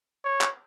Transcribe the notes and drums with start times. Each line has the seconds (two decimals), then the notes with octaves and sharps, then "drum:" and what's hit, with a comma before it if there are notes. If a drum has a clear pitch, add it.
0.24 C#5
0.41 drum: clap